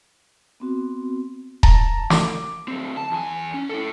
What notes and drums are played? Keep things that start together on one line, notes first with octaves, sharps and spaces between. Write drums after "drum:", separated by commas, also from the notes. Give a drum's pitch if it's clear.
B3 C4 F#4
A5 A#5, drum: kick D#1
D6, drum: snare
D2 C4
A5
E2 G#5
C#4
E4 A4